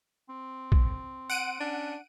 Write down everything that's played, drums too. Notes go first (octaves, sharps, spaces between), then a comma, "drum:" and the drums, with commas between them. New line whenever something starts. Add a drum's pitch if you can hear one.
C4
drum: kick
F#5 D7 D#7
C#4 D4